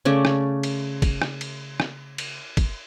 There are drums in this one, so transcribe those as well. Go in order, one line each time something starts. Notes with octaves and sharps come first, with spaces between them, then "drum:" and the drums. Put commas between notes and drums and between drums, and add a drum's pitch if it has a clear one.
C#3 A3 C#4 D5
drum: rim click
drum: cymbal
drum: kick, cymbal
drum: rim click
drum: cymbal
drum: rim click
drum: cymbal
drum: kick, cymbal